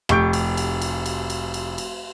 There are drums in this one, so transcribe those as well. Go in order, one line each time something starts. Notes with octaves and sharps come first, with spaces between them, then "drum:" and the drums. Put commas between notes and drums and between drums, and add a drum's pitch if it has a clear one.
F1 G4 C#6 G6 D7, drum: rim click
drum: cymbal
drum: cymbal
drum: cymbal
drum: cymbal
drum: cymbal
drum: cymbal
drum: cymbal